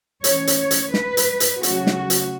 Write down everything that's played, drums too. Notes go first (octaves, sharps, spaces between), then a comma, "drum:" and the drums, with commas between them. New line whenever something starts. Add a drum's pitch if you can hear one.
E3 A3 C#4 C#5, drum: hi-hat
drum: hi-hat
C#5
drum: hi-hat
B4, drum: snare
drum: hi-hat
drum: hi-hat
C#3 F#3 A3 C#4 F#4, drum: hi-hat
drum: snare
drum: hi-hat